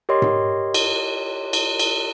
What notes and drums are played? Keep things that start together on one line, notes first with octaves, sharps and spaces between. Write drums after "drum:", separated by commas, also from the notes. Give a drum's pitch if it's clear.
G4 A#4 C#5 D#5 C6
drum: tom G#2
drum: cymbal
drum: cymbal
drum: cymbal